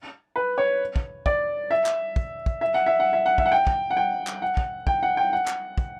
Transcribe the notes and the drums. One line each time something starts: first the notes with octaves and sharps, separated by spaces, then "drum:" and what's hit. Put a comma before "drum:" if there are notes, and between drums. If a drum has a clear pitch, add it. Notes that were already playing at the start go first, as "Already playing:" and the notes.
B4
C#5
drum: kick
D5, drum: kick
E5
drum: clap
drum: kick
drum: kick
E5
F#5
E5
F#5
E5
F#5
E5, drum: kick
F#5
G5
drum: kick
F#5
G5
drum: clap
F#5
drum: kick
G5, drum: kick
F#5
G5
F#5
drum: clap
drum: kick